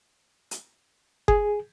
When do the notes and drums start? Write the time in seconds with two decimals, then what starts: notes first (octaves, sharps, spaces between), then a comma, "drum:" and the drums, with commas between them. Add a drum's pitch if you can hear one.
0.51 drum: hi-hat
1.28 G#4, drum: kick F#1